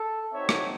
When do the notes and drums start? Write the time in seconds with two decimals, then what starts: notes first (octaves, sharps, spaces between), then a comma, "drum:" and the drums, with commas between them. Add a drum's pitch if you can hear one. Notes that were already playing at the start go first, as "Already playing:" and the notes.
Already playing: A4
0.33 C4 D#4 F#4 C#5 E5
0.49 drum: rim click